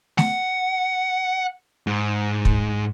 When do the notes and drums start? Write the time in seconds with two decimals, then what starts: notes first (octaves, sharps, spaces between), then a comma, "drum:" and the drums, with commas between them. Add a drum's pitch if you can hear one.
0.18 F#5, drum: snare A3
1.87 G#2
2.45 drum: kick